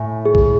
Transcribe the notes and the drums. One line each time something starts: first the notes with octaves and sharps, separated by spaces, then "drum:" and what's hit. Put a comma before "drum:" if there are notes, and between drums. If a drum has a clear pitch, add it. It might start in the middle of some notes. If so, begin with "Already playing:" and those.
Already playing: A2 G#5
G#4
drum: kick B1